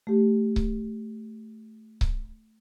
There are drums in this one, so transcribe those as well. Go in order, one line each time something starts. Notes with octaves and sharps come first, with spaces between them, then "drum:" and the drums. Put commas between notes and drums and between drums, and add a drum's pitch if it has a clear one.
A3 G4
drum: kick C#1
drum: kick C#1